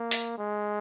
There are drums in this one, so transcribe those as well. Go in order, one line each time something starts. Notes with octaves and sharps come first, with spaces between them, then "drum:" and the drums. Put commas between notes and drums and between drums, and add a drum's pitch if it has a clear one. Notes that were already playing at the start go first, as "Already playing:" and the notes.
Already playing: A#3
drum: open hi-hat
G#3